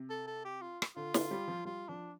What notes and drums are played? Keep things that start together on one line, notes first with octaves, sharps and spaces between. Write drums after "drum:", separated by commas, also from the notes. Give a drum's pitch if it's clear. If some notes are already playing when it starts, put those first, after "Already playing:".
Already playing: C3
A4
A4
G4
F4
drum: rim click
D3 F4
D3, drum: snare
G3
F3
G3 F4
F3 D4